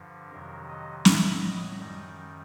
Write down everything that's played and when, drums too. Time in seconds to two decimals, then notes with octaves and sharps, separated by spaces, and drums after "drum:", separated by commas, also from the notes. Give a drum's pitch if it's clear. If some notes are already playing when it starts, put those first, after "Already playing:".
Already playing: G2 D3 F3
0.31 F2 C3 D#3 F#3 A#4
0.68 D#5
1.05 A2 F#3 E5, drum: snare
1.42 D#5
1.79 F#2 D#3 G3 D#5